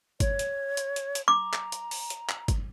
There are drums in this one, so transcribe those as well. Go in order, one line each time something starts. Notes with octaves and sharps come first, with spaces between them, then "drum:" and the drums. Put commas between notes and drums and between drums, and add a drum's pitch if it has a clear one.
C#5, drum: kick G1, hi-hat
drum: hi-hat
drum: hi-hat
drum: hi-hat
drum: hi-hat
A#5 D6
drum: clap
drum: hi-hat
drum: open hi-hat
drum: hi-hat
drum: clap
drum: kick G1, hi-hat